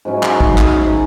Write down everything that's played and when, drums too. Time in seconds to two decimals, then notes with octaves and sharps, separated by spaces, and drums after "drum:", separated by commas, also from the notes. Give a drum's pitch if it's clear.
0.05 G#2 F#3 C#4 E4
0.23 drum: clap
0.40 drum: kick A1
0.58 drum: clap
0.75 G#2 F#3 C#4 E4